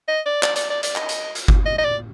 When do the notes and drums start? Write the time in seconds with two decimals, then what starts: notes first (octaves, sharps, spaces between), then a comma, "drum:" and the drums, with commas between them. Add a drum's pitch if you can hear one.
0.08 D#5
0.26 D5
0.43 D5, drum: clap
0.56 D5, drum: hi-hat
0.70 D5
0.83 D5, drum: hi-hat
0.96 D#5, drum: clap
1.09 drum: hi-hat
1.35 drum: hi-hat
1.48 drum: kick G1
1.66 D#5
1.78 D#5
1.84 D5